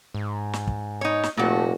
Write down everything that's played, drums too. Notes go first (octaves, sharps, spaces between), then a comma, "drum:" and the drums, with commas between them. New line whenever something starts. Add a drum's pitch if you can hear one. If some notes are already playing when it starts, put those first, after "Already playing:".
G#2
drum: snare
drum: kick
D#4 C#5
drum: snare
F1 A#2 A3 F#4